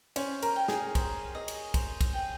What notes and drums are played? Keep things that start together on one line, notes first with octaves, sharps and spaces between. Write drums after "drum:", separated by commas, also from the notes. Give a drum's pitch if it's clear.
C#4 C5, drum: cymbal
A#4, drum: cymbal
G5
G#4, drum: snare
C5, drum: kick, cymbal
D#5
drum: cymbal
C5, drum: kick, cymbal
drum: kick, cymbal
G5